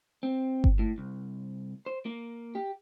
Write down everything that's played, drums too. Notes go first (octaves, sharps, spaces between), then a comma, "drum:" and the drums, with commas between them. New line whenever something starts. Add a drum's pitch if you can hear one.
C4
drum: kick G1
A2
C2
C5
A#3
G4